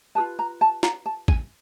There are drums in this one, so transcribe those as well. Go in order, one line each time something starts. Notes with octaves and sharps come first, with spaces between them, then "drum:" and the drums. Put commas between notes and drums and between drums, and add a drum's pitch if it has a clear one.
F4 G#4 B4 A5
A#5
A5
A#5, drum: snare
A5
G#5, drum: kick A1